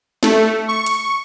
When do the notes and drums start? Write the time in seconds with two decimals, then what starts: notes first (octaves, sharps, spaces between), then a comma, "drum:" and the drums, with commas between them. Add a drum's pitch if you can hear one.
0.23 A3, drum: snare
0.68 C#6
0.86 drum: hi-hat